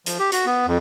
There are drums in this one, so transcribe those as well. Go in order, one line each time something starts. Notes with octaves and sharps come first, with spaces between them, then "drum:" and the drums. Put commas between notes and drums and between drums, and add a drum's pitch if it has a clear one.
F3, drum: hi-hat
G4
F#4, drum: hi-hat
B3
F2